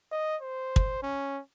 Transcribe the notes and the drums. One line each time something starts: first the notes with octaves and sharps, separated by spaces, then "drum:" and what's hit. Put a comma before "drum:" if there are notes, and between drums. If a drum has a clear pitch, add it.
D#5
C5
drum: kick
C#4